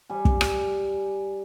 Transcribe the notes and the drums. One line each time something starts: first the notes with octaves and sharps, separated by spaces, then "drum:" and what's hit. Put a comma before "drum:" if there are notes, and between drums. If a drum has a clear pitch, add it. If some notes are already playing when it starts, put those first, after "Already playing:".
G3 G#5
drum: kick
drum: rim click